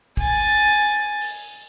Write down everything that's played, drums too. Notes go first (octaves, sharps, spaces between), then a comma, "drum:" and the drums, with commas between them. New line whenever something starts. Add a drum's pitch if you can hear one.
G#5 A6, drum: kick
drum: open hi-hat